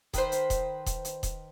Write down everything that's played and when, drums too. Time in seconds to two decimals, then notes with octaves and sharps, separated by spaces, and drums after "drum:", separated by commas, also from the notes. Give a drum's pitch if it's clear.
0.14 D#3 B4 C5, drum: kick D#1, hi-hat
0.32 drum: hi-hat
0.50 drum: kick D#1, hi-hat
0.86 drum: kick D#1, hi-hat
1.05 drum: hi-hat
1.23 drum: kick D#1, hi-hat